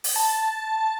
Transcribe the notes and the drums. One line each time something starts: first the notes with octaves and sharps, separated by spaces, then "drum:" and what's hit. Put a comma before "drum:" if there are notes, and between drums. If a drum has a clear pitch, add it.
drum: open hi-hat
A5